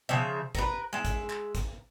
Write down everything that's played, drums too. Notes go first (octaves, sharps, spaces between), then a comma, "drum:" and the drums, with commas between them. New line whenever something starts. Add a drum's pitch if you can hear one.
C#3 F3 E5
A#4 B4, drum: kick G#1, hi-hat
G#3 E5
drum: kick G#1, hi-hat
drum: clap
drum: kick G#1, hi-hat